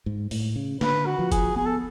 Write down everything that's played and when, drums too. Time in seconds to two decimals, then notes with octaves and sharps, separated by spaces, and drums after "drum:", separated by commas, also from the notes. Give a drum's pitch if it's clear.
0.06 G#2
0.31 A2, drum: open hi-hat
0.56 C#3
0.81 D3 B4, drum: snare
1.06 F#4
1.19 F3
1.32 G#4, drum: kick F#1, hi-hat
1.56 B3 G#4
1.66 A4